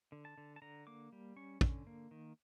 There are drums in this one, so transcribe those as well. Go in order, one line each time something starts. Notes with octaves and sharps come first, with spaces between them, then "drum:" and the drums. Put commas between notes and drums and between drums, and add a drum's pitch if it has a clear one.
D3
A5
D3
A5
D3 A#5
A#3 D6
G3
C#4 C#6
D3, drum: kick
A#3
D#3